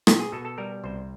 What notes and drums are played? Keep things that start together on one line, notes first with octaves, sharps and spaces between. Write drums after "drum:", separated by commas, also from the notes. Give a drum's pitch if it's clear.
B2 G4, drum: rim click
G#4
B2 A4
A4
G3 A#4
C2 C5